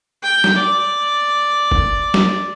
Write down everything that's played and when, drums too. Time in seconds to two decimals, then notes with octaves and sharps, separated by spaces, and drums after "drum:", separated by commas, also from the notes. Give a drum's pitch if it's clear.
0.23 G5
0.44 drum: snare
0.57 D5
1.72 drum: kick G1
2.14 drum: snare